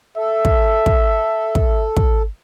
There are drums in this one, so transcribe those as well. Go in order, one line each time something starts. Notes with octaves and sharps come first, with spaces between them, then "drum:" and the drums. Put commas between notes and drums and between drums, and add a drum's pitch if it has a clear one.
A4 E5
drum: kick
drum: kick
drum: kick
drum: kick